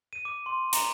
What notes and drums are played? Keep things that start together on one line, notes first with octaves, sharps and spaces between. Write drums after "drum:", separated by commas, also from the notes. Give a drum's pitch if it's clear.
D#7
D6
C6
A#5, drum: hi-hat